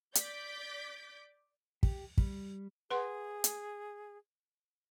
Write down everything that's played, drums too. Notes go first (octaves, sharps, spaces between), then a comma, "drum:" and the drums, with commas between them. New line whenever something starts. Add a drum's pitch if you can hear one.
D5 D6 G6 A6 B6 D7, drum: hi-hat
G4, drum: kick
G3, drum: kick
G#4 B4 F#5 C6
drum: hi-hat